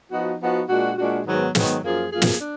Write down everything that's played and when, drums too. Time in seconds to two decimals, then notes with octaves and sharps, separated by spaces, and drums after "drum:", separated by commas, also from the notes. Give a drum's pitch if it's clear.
0.11 F3 B3 D#4 F#4
0.40 F3 B3 D#4 F#4
0.68 A#2 G#3 D4 F#4
0.97 A#2 G#3 D4 F#4
1.26 G#2 D#3 F#3 B3
1.55 G#2 D#3 F#3 B3, drum: snare
1.83 F#2 F3 A#3 F4 G#4
2.12 F#2 F3 A#3 F4 G#4
2.22 drum: snare
2.41 D4